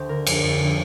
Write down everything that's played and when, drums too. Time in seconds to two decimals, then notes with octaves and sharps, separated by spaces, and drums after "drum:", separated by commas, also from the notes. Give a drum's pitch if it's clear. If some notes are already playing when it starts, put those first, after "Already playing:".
Already playing: D2 G4 C5
0.09 D3 A#4
0.27 F2, drum: cymbal
0.43 F2
0.61 D3